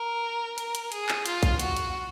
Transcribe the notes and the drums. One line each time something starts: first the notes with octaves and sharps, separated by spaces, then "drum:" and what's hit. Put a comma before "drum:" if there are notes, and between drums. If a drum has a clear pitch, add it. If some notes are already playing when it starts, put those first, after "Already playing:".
Already playing: A#4
A#4, drum: hi-hat
drum: hi-hat
G#4, drum: hi-hat
drum: clap
F4, drum: hi-hat
drum: kick A#1, hi-hat
F#4, drum: hi-hat
drum: hi-hat